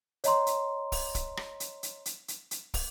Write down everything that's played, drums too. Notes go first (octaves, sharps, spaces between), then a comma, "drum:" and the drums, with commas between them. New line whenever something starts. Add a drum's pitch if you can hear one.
C#5 D#5 A#5 C6, drum: hi-hat
drum: hi-hat
drum: kick, open hi-hat
drum: kick, hi-hat
drum: rim click
drum: hi-hat
drum: hi-hat
drum: hi-hat
drum: hi-hat
drum: hi-hat
drum: kick, open hi-hat